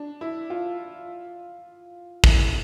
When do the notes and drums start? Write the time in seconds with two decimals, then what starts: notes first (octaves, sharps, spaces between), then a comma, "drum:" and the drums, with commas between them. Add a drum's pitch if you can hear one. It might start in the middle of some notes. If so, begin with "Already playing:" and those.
Already playing: D4
0.21 E4
0.50 F4
2.24 E4, drum: kick